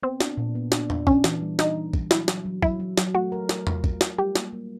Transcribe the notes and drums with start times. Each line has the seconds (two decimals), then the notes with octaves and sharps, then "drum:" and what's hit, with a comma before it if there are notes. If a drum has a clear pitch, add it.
0.03 B3 C4
0.21 D4, drum: snare
0.37 A#2
0.55 B3
0.72 D4, drum: snare
0.90 D4, drum: tom E2
1.07 C#4 D4, drum: kick
1.24 E3, drum: snare
1.41 G3
1.59 D4 D#4, drum: snare
1.76 E3
1.93 G3, drum: kick
2.11 F#3 E4, drum: snare
2.28 F#3, drum: snare
2.46 F#3
2.62 F#3 E4, drum: kick
2.80 F#3
2.98 F#3, drum: snare
3.14 A3 F#4
3.32 A#4
3.49 A#4, drum: snare
3.67 F4, drum: tom E2
3.84 A3, drum: kick
4.01 F4, drum: snare
4.18 G3 G4
4.35 A#3, drum: snare
4.53 A#3